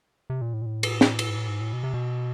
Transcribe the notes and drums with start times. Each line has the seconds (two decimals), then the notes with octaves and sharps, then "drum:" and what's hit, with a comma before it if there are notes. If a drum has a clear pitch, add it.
0.30 C3
0.41 A#2
0.54 A2
0.62 A#2
0.66 A2
0.83 drum: cymbal
1.01 drum: snare
1.19 drum: cymbal
1.29 G#2
1.36 A2
1.48 G#2
1.61 A2
1.73 B2
1.83 C3
1.94 B2